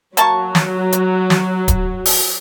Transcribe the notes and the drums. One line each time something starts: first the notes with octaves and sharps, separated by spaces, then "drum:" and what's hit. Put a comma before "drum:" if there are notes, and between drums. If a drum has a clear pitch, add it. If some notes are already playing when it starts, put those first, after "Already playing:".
F#3 A#3 A5 C#6, drum: hi-hat
drum: snare
drum: hi-hat
drum: snare
drum: kick D1, hi-hat
drum: open hi-hat